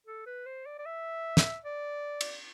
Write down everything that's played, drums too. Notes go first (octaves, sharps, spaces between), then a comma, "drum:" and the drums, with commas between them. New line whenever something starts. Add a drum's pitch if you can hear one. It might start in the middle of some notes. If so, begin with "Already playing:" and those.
A4
B4
C5
D5
D5
E5
drum: snare
D5
drum: cymbal